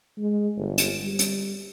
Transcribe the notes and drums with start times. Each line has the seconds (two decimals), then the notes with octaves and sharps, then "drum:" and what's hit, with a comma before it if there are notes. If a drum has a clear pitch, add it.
0.17 G#3
0.57 G1
0.78 drum: hi-hat
1.02 G3
1.19 drum: hi-hat